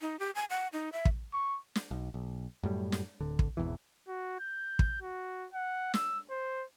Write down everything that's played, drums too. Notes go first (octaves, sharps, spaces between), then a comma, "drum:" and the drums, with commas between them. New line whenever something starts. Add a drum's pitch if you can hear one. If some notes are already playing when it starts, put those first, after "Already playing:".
D#4
G4
G#5
F#5
D#4
E5
drum: kick
C#6
drum: snare
B1
B1
F#2 A2 G3
drum: snare
D1 D3
drum: kick
G#1 E2 B2 E3
F#4
G6
drum: kick
F#4
F#5
E6, drum: snare
C5